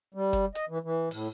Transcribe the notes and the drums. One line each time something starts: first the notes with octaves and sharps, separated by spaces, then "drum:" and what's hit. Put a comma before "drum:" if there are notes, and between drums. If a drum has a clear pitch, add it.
G3
drum: kick F#1, hi-hat
D#5, drum: hi-hat
E3
E3
A2, drum: open hi-hat